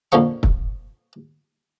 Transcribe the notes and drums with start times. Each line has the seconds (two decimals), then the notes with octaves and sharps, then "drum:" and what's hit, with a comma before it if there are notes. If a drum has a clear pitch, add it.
0.12 A#1 F2 D3 F3 C#6
0.43 drum: kick